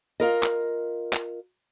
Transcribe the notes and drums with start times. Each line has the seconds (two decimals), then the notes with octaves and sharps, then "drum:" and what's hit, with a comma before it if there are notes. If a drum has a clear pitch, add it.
0.20 F4 A#4 D#5
0.43 drum: clap
1.13 drum: clap